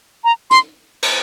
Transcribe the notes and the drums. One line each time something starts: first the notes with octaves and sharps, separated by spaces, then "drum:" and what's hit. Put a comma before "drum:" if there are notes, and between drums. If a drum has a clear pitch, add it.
A#5
C6, drum: hi-hat
drum: cymbal